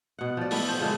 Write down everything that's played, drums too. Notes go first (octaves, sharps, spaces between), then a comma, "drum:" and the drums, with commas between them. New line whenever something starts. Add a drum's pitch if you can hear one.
B2 F#5
F3 D5
E3 A3 B3, drum: open hi-hat
F3 C5
C#3 F3 G#3 A#3